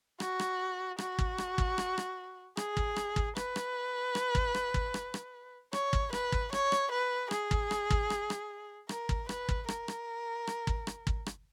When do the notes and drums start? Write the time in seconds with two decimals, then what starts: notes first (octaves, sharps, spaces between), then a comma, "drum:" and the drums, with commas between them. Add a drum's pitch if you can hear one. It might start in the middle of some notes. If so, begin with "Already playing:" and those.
0.20 F#4, drum: rim click
0.39 drum: rim click
0.98 F#4, drum: rim click
1.19 drum: kick
1.38 drum: rim click
1.58 drum: kick
1.78 drum: rim click
1.98 drum: rim click
2.57 G#4, drum: rim click
2.77 drum: kick
2.96 drum: rim click
3.16 drum: kick
3.36 B4, drum: rim click
3.56 drum: rim click
4.15 drum: rim click
4.35 drum: kick
4.54 drum: rim click
4.74 drum: kick
4.94 drum: rim click
5.14 drum: rim click
5.73 C#5, drum: rim click
5.93 drum: kick
6.13 B4, drum: rim click
6.32 drum: kick
6.53 C#5, drum: rim click
6.72 drum: rim click
6.92 B4
7.31 G#4, drum: rim click
7.51 drum: kick
7.71 drum: rim click
7.90 drum: kick
8.10 drum: rim click
8.30 drum: rim click
8.89 A#4, drum: rim click
9.09 drum: kick
9.29 B4, drum: rim click
9.49 drum: kick
9.68 A#4, drum: rim click
9.88 drum: rim click
10.47 drum: rim click
10.67 drum: kick
10.87 drum: rim click
11.07 drum: kick
11.26 drum: rim click